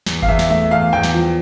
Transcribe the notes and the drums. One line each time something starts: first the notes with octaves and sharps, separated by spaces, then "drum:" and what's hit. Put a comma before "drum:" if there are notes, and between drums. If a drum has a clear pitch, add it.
E2, drum: snare
F5, drum: kick F#1
E2 E5
drum: snare
A3 E5
E2 F5
E2 G5
drum: snare
F3